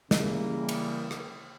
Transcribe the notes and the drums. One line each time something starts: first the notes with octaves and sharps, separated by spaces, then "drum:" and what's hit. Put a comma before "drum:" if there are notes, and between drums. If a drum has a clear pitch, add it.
C#3 E3 G3 A#3, drum: snare
drum: cymbal
drum: rim click